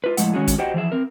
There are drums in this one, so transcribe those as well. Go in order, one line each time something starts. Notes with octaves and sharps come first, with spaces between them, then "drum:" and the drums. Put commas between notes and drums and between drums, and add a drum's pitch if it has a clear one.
F4 B4
A2 F3 G#3 F#5, drum: hi-hat
D#3 G#3 C#4 F#4 G#4
drum: kick, hi-hat
F#4 G4 C5 D#5 F#5 G5
E3 F3 G#4 E5
C4 A#4